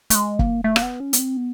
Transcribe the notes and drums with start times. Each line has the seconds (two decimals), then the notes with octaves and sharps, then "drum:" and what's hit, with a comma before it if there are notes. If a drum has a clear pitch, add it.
0.10 A3, drum: hi-hat
0.15 G#3
0.39 A#3, drum: kick
0.64 A3
0.76 A#3, drum: rim click
0.82 B3
1.00 C#4
1.13 B3, drum: hi-hat
1.19 C4
1.37 B3